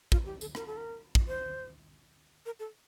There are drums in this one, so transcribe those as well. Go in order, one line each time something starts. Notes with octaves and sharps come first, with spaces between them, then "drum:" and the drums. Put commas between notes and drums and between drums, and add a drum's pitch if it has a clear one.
F4, drum: kick
G4
A4, drum: tambourine
A#4, drum: rim click
A4
A#4
drum: kick
C5
A#4
A4